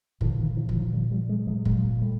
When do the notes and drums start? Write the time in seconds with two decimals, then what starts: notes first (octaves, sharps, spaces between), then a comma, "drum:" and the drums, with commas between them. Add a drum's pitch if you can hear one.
0.21 A#2 D3 E3, drum: kick
0.39 D#3
0.57 D3 E3
0.69 F#3, drum: kick
0.76 D#3 F3
0.93 A#2 F3 G3
1.11 F3 G3
1.29 F#3 G#3
1.47 F#3 G#3
1.65 A#2 F#3 G#3, drum: kick
2.02 G3 A3